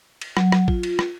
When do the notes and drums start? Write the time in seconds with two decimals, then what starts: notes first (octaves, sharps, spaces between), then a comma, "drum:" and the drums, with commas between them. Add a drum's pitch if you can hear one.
0.21 drum: cymbal
0.37 F#3, drum: rim click
0.52 drum: rim click
0.68 F4, drum: kick A1
0.83 drum: cymbal
0.99 drum: rim click